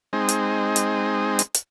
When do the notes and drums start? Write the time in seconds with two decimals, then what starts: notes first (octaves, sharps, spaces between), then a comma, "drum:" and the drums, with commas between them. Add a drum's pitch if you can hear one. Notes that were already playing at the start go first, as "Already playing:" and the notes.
0.13 G#3 C4 D#4
0.29 drum: hi-hat
0.76 drum: hi-hat
1.39 drum: hi-hat
1.54 drum: hi-hat